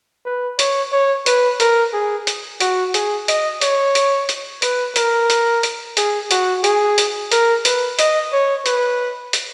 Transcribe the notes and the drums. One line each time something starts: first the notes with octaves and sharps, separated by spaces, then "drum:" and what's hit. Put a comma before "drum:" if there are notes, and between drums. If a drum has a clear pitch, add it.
B4
C#5, drum: hi-hat
C#5
B4, drum: hi-hat
A#4, drum: hi-hat
G#4
drum: hi-hat
F#4, drum: hi-hat
G#4, drum: hi-hat
D#5, drum: hi-hat
C#5, drum: hi-hat
drum: hi-hat
drum: hi-hat
B4, drum: hi-hat
A#4, drum: hi-hat
drum: hi-hat
drum: hi-hat
G#4, drum: hi-hat
F#4, drum: hi-hat
G#4, drum: hi-hat
drum: hi-hat
A#4, drum: hi-hat
B4, drum: hi-hat
D#5, drum: hi-hat
C#5
B4, drum: hi-hat
drum: hi-hat